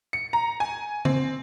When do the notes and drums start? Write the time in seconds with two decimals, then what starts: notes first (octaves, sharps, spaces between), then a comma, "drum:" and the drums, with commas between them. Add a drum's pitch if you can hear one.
0.13 C#7
0.33 A#5
0.60 G#5
1.05 C4, drum: tom C#3